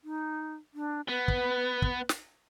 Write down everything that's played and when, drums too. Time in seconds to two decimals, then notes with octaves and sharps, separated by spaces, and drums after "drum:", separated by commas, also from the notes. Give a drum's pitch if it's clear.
0.04 D#4
0.74 D4
1.08 B3 B4
1.28 drum: kick
1.82 drum: kick
2.09 drum: snare